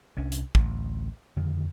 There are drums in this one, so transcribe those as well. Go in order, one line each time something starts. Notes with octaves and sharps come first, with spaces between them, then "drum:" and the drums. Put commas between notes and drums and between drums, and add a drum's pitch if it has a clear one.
C2 C#4 D4
drum: hi-hat
A1 D2, drum: kick
F2 D3 D#3